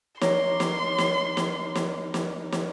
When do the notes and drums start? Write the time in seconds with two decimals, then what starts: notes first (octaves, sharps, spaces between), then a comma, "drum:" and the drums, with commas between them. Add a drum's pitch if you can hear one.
0.21 C#5 A#5 C6 D6, drum: snare
0.60 drum: snare
0.98 drum: snare
1.37 drum: snare
1.75 drum: snare
2.14 drum: snare
2.52 drum: snare